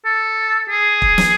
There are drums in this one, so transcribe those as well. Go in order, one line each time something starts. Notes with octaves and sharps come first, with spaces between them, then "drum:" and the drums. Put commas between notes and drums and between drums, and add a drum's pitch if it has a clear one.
A4
G#4
drum: kick
drum: snare